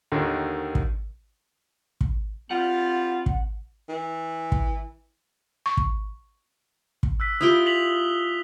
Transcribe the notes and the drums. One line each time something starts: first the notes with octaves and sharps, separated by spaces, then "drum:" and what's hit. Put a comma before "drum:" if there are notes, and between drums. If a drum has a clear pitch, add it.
D#2 D3 D#3 C#5
drum: kick
drum: kick
G3 C4 F4 F#5
drum: kick
E3
drum: kick
C#6
drum: kick
drum: kick
E6 F#6 B6
E4 F4 G4 D#6 G7
B6 F7 F#7